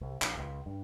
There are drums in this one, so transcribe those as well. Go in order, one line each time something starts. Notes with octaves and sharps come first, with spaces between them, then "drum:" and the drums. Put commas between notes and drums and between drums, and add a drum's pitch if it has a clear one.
C2
A#1, drum: clap
C#2
G2